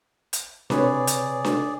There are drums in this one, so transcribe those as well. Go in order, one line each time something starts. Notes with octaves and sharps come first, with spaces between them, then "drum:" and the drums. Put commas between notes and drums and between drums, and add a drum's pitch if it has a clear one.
drum: hi-hat
C3 G#4 B4 C#5 D5, drum: snare D4
drum: hi-hat
drum: snare D4